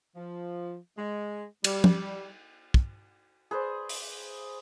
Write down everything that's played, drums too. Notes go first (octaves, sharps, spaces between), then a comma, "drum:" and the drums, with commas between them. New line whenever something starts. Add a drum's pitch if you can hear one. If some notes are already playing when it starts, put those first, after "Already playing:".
F3
G#3
G3, drum: cymbal
drum: tom F3
drum: kick
G#4 B4 C5 D5
drum: open hi-hat